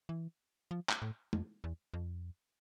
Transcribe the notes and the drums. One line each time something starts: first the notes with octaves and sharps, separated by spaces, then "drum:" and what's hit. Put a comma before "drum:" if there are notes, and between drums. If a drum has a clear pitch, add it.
E3
F3
drum: clap
A2
F2, drum: tom
E2
F2